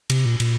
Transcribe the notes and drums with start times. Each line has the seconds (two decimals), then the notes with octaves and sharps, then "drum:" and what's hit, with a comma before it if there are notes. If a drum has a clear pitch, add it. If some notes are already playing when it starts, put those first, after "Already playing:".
0.10 C3, drum: cymbal
0.26 A#2
0.40 A#2, drum: cymbal